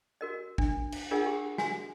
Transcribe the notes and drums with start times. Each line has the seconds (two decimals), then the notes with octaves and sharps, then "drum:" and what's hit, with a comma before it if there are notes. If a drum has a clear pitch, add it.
0.21 F#4 A#4 D#5
0.58 D4, drum: kick
0.92 drum: cymbal
1.11 D4 F4 G#4 A#4 D#5 F#5
1.26 G4
1.58 F#4 G#5, drum: snare